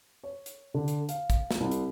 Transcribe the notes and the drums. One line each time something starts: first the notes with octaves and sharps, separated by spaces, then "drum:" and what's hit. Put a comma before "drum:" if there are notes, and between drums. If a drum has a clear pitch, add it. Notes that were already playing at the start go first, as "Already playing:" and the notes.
C#5
drum: hi-hat
D3
drum: hi-hat
F5, drum: hi-hat
drum: kick, hi-hat
drum: snare
C2
drum: hi-hat